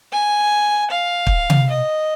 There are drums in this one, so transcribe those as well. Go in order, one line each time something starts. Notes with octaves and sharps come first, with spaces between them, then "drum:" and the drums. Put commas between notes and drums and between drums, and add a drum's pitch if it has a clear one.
G#5
F5
drum: kick
drum: tom C3
D#5